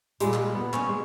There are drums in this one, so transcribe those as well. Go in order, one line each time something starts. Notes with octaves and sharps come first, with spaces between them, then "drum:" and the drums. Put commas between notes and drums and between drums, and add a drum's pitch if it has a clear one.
A#2 G3 G#3, drum: hi-hat
drum: clap
B3
C#4, drum: clap
G#3